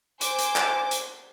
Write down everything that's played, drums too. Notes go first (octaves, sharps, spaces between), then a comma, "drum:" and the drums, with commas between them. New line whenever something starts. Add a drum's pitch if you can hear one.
C5 G#5 D6, drum: hi-hat
drum: hi-hat
drum: clap
drum: hi-hat